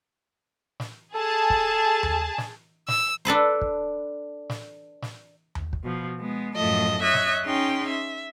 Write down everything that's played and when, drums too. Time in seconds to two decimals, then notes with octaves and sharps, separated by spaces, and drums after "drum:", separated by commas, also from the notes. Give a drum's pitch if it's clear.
0.80 drum: snare
1.15 G#4 A4 A5
1.50 drum: kick
2.03 drum: tom D#2
2.38 drum: snare
2.88 E6, drum: snare
3.25 D4 A4 B4 C5
3.61 drum: kick
4.50 drum: snare
5.02 drum: snare
5.55 drum: tom D#2
5.73 drum: kick
5.83 B2 F3
6.19 G#3 B3
6.56 F#2 A2 F3 A3 D#5 A5
7.02 C#5 D#5 E5 F#6 G#6
7.14 drum: snare
7.45 C#4 D#4 G#4 G5 C6
7.88 E5